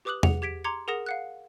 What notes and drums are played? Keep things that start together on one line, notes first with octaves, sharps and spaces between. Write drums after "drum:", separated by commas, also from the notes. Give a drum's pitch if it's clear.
G4 B4 D6 D#6 F#6 F#7
G#4 F#5, drum: tom E2
G4 G#6 B6 D7
A#5 C6 D6 G#6 C#7
G#4 A#4 F#5 D#6 A#6 E7
F5 F#5 F#6